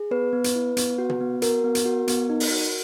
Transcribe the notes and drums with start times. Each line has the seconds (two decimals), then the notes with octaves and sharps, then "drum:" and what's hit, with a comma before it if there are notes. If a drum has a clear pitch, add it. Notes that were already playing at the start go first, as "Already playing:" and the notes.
Already playing: G#4
0.11 B3 B4
0.33 B3
0.44 drum: hi-hat
0.55 E4
0.77 B3, drum: hi-hat
0.98 F#4
1.09 drum: tom
1.21 B3
1.42 F#4 A#4, drum: hi-hat
1.64 B3
1.75 drum: hi-hat
1.86 F#4
2.08 B3, drum: hi-hat
2.30 D#4
2.40 drum: open hi-hat
2.51 F#4